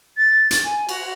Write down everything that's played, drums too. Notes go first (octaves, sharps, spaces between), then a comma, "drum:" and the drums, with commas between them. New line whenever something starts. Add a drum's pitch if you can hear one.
A6
drum: hi-hat
G#5
F#4, drum: cymbal